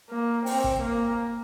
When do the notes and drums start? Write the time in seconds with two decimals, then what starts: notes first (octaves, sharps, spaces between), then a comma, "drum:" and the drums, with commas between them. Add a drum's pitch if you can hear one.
0.10 A#3
0.46 C4, drum: open hi-hat
0.64 drum: kick
0.82 A#3